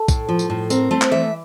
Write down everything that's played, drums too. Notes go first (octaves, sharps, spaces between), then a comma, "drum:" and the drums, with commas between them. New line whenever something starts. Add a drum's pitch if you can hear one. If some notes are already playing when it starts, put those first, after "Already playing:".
Already playing: A4
A2, drum: kick, tambourine
F3
drum: tambourine
A2
C4 A#4, drum: tambourine
A3 C5
drum: clap
E3 E5